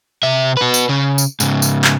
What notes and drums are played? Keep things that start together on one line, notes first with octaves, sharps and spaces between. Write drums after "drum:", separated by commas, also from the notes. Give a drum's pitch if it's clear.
C3 E5
F#4 B4
drum: tambourine
C#3
drum: tambourine
G#2 C#3, drum: tambourine
drum: tambourine
drum: clap